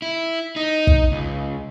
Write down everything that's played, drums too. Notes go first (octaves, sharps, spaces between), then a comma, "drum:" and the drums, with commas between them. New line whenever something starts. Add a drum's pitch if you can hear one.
E4
D#4
drum: kick
C#2